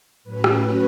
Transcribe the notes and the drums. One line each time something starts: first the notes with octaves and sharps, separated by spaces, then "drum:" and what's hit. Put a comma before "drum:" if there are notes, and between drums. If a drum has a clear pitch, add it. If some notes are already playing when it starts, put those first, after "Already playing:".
A2 F#3 C#4 B4
drum: rim click